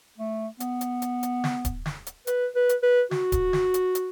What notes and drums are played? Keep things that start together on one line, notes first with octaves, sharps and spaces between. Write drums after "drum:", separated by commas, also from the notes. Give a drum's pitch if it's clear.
A3
B3, drum: hi-hat
drum: hi-hat
drum: hi-hat
drum: hi-hat
drum: snare
drum: kick D1, hi-hat
drum: snare
drum: hi-hat
B4, drum: hi-hat
B4
drum: hi-hat
B4
F#4, drum: snare
drum: kick D1, hi-hat
drum: snare
drum: hi-hat
drum: hi-hat